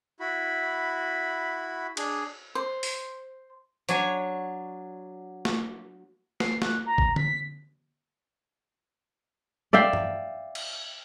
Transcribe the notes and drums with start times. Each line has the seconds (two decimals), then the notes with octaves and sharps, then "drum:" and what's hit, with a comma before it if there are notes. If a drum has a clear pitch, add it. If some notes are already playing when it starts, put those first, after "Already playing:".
0.20 E4 F#4 B5
1.97 D4 G#4, drum: cymbal
2.55 C5
2.83 drum: open hi-hat
3.89 F#3 D4 C#5 G#5, drum: hi-hat
5.45 drum: snare
6.40 C7, drum: snare
6.62 F#6, drum: snare
6.86 A#5
6.98 drum: kick
7.16 B6, drum: tom
9.73 D5 E5 F5 G5
9.93 drum: tom G2
10.55 drum: cymbal